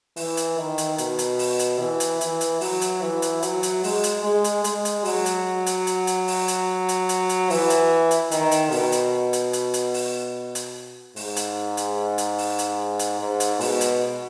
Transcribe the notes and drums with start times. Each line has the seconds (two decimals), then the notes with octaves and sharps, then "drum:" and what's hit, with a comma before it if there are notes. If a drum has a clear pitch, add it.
0.16 E3, drum: open hi-hat
0.37 drum: hi-hat
0.58 D#3
0.78 drum: hi-hat
0.98 B2, drum: hi-hat
1.19 drum: hi-hat
1.39 drum: open hi-hat
1.59 drum: hi-hat
1.80 E3
2.00 drum: hi-hat
2.21 E3, drum: hi-hat
2.41 drum: hi-hat
2.61 F#3, drum: open hi-hat
2.81 drum: hi-hat
3.02 E3
3.22 drum: hi-hat
3.42 F#3, drum: hi-hat
3.63 drum: hi-hat
3.84 G#3, drum: open hi-hat
4.04 drum: hi-hat
4.24 G#3
4.44 drum: hi-hat
4.64 G#3, drum: hi-hat
4.85 drum: hi-hat
5.05 F#3, drum: open hi-hat
5.26 drum: hi-hat
5.66 drum: hi-hat
5.87 drum: hi-hat
6.07 drum: hi-hat
6.27 drum: open hi-hat
6.48 drum: hi-hat
6.89 drum: hi-hat
7.09 drum: hi-hat
7.29 drum: hi-hat
7.50 E3, drum: open hi-hat
7.70 drum: hi-hat
8.11 drum: hi-hat
8.31 D#3, drum: hi-hat
8.51 drum: hi-hat
8.71 B2, drum: open hi-hat
8.92 drum: hi-hat
9.33 drum: hi-hat
9.53 drum: hi-hat
9.74 drum: hi-hat
9.94 drum: open hi-hat
10.55 drum: hi-hat
11.16 G#2, drum: open hi-hat
11.36 drum: hi-hat
11.77 drum: hi-hat
12.18 drum: hi-hat
12.38 drum: open hi-hat
12.59 drum: hi-hat
12.99 drum: hi-hat
13.20 G#2
13.40 drum: hi-hat
13.60 B2, drum: open hi-hat
13.81 drum: hi-hat